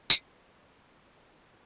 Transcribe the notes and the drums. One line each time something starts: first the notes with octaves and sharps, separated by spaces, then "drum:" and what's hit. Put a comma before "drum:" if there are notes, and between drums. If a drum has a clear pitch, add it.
F#2 G3 A#3 C4 F5, drum: tambourine